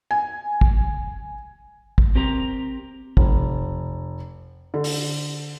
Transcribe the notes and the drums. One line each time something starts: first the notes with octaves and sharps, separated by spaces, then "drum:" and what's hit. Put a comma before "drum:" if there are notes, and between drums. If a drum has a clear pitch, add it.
G#5
drum: kick
drum: kick
C4 G4 A#4 A#5
F1, drum: kick
D3
drum: open hi-hat